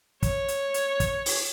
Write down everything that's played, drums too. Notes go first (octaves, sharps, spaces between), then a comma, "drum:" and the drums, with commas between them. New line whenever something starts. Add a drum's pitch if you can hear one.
C#5, drum: kick, hi-hat
drum: hi-hat
drum: hi-hat
drum: kick, hi-hat
drum: open hi-hat